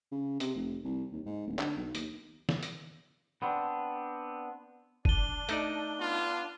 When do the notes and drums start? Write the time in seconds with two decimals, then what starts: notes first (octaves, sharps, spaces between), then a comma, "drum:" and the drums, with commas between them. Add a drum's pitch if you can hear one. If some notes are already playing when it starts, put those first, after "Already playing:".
0.12 C#3
0.40 C3, drum: hi-hat
0.56 F1
0.84 C2
1.12 D#2
1.26 G#2
1.47 D1
1.59 D3, drum: clap
1.77 B1
1.95 D#2, drum: hi-hat
2.49 drum: snare
2.63 drum: hi-hat
3.42 B3 C4 D4
5.05 D4 D#7 G7, drum: kick
5.49 A3 D#4 D5, drum: hi-hat
5.99 B3 F4